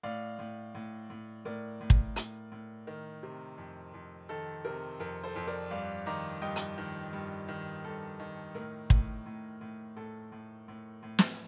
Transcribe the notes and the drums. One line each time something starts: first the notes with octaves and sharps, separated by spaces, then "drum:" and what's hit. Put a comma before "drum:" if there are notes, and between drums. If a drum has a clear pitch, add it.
A2 D5 F5
A2
A2
A2
A2 A#4 D5
A2
drum: kick
A2, drum: hi-hat
A2
D#3 A#4
C3
F2
F2
D#3 A4
C3 A#4
F2 A#4
A4 C5
F2
A#4 D5
G2 D5 F5
D#3 A#5 D6
G2 D#5 G5
drum: hi-hat
D#3
G2
D#3
G2 A4
D#3
A2 A#4
A2, drum: kick
A2
A2
A2 A4
A2
A2
A2
drum: snare